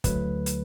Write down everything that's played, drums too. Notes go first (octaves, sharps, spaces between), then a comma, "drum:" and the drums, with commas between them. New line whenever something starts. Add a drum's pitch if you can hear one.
D2 D3 F#3 A3 B4, drum: kick, hi-hat
drum: hi-hat